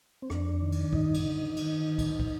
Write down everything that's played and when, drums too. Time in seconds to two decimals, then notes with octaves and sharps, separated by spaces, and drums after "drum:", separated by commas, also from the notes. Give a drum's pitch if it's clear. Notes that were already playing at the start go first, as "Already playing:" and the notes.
0.22 C4
0.30 F2 D4, drum: rim click
0.62 D#3
0.72 drum: cymbal
0.93 G2 D#4, drum: kick
1.14 drum: cymbal
1.25 D3
1.57 D#3, drum: cymbal
1.98 drum: kick, cymbal
2.20 drum: kick